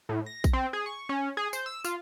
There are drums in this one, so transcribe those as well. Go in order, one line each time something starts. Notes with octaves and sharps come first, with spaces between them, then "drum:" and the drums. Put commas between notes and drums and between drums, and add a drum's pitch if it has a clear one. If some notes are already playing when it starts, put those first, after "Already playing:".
A2
A#6
drum: kick A#1, tambourine
C4
G#4
C#6
C#4
G#4
C5, drum: tambourine
E6
F4, drum: tambourine